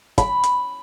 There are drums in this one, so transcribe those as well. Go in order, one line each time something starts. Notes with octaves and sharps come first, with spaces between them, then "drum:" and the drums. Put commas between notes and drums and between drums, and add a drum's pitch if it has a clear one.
B5, drum: kick, hi-hat
drum: hi-hat